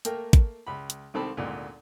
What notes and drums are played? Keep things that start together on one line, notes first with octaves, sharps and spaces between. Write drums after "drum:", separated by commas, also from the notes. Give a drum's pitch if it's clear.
A3 A#3 A#4 G5, drum: hi-hat
drum: kick, hi-hat
C#2 B5
drum: hi-hat
C2 D#3 C4 A4 B5
G#1 D2 A#2